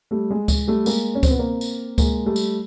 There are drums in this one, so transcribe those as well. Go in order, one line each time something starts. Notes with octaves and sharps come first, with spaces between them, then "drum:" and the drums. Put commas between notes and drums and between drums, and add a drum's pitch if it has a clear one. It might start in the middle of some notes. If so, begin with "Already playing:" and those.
G3 A3
G#3
G#3, drum: kick C#2, tambourine
G3 A3
G#3 A#3, drum: tambourine
C#4
C4, drum: kick C#2, tambourine
B3
A#3 C4
drum: tambourine
G#3 A#3, drum: kick C#2, tambourine
G3 A3
drum: tambourine